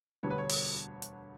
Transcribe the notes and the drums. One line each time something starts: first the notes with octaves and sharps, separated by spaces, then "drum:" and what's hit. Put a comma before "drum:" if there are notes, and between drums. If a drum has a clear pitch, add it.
E1 D2 D3 G3 B3 C#5
B4
C#5
drum: open hi-hat
drum: hi-hat